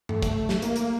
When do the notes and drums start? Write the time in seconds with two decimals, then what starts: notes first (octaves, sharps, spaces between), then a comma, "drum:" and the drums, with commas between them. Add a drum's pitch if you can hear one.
0.09 A3, drum: tom G2
0.22 drum: kick, hi-hat
0.49 drum: snare
0.62 A#3, drum: hi-hat
0.76 drum: hi-hat